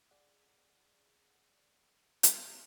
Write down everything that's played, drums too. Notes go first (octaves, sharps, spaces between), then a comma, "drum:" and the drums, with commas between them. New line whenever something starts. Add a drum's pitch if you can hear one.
G#4 D5 F#5
drum: hi-hat